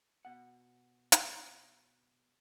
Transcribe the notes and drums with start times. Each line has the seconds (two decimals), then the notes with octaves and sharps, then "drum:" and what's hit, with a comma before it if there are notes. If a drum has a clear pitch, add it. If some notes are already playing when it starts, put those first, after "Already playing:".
0.25 B2 F#5
1.12 drum: hi-hat